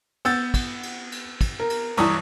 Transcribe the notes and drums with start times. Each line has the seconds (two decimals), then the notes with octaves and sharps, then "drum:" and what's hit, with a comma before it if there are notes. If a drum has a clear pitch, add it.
0.25 B3 E6 G6 A6, drum: cymbal
0.54 drum: kick, cymbal
0.83 drum: cymbal
1.12 drum: cymbal
1.41 drum: kick, cymbal
1.60 A#4
1.70 drum: cymbal
1.97 B1 G2 E3 A#5 C#6 D#6, drum: cymbal